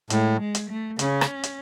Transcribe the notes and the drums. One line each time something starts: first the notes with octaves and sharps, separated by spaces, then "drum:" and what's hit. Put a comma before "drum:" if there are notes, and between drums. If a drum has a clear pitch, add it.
A2 G#3, drum: hi-hat
G#3
drum: hi-hat
A3
C#3 C#4, drum: hi-hat
drum: rim click
drum: hi-hat